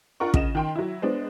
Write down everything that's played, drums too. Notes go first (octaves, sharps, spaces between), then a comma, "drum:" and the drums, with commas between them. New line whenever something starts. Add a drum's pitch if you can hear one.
D4 F4 A#4 F#5 C#6
C#3 D#5 E7, drum: kick
D#3 G5 C6
F#3 E4
G#3 B3 D4 C5